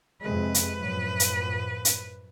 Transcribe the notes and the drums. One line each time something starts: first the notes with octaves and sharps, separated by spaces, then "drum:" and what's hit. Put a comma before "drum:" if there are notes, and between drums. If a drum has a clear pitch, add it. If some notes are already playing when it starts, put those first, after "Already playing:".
F2 C3 G#3 B4
drum: hi-hat
F#2 A2 F3
drum: hi-hat
drum: hi-hat